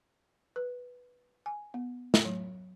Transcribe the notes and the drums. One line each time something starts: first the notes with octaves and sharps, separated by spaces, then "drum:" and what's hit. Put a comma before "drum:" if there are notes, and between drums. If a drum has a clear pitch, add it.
B4
G#5
B3
drum: snare
F#3